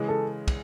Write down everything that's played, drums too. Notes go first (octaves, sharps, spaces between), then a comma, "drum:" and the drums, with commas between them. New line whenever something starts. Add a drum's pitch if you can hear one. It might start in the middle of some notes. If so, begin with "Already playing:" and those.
Already playing: C#3 E3 G#3
A4
drum: kick, cymbal